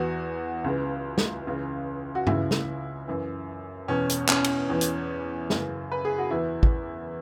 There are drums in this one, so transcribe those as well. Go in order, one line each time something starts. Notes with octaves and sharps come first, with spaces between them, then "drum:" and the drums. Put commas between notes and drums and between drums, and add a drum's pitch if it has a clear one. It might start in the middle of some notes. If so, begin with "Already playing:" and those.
Already playing: E2 E3 F#4
C#2 C#3 E3
drum: snare
C#2 C#3 E3
F#4
C#2 C#3 E3 E4, drum: tom G2
drum: snare
F#2 E3
E2 B2 C#4
drum: hi-hat
C#4, drum: clap
drum: cymbal
E2 E3
drum: hi-hat
F#2 C#3 E3, drum: snare
B4
G#4
F#4
E2 E3 E4
drum: kick